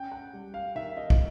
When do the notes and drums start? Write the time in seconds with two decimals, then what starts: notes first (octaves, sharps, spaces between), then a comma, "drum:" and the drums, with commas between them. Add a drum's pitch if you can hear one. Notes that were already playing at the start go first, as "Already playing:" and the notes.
Already playing: C#4 G5
0.12 F#5
0.33 G3
0.54 F5
0.75 D#3 E5
0.97 D#5
1.10 drum: kick